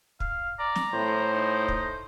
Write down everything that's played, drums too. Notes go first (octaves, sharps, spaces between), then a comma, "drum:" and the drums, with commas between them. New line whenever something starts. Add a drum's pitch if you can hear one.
F5, drum: kick
D5 A#5
drum: snare
A2 C5
D#4
drum: kick